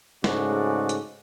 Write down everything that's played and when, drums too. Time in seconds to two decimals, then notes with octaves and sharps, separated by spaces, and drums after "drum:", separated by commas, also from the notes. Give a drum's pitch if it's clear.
0.24 G#2 C#3 G#3 A3 F#4 D5, drum: snare
0.89 drum: hi-hat